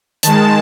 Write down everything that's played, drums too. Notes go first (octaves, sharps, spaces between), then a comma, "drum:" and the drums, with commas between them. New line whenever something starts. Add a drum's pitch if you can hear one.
D#3 G#3 A5, drum: hi-hat